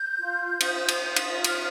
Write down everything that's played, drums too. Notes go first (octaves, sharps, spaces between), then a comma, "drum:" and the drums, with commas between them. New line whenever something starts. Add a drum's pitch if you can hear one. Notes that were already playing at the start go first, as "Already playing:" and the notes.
Already playing: G6
F4
C5, drum: cymbal
drum: cymbal
F4
drum: cymbal
C5 F6, drum: cymbal